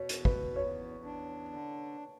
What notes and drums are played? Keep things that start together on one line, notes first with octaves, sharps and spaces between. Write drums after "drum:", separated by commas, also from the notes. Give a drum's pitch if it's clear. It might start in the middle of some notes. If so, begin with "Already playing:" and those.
Already playing: B2 C#5
E2, drum: hi-hat
B4, drum: kick
E2 C#5
D4
D3